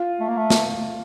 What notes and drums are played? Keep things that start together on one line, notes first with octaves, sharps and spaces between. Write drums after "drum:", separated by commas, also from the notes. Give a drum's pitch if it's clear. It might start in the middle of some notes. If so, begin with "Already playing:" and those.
Already playing: F4
A3
A#3
A3
drum: snare